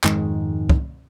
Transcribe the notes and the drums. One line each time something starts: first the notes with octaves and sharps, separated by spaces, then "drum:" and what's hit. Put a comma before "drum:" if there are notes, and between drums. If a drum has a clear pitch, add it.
F2 G#2 D#3 G#3, drum: clap
drum: kick